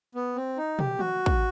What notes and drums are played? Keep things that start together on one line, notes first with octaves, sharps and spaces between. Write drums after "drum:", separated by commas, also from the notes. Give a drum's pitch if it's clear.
B3
C4
D#4
G4, drum: tom
F#4, drum: tom
drum: kick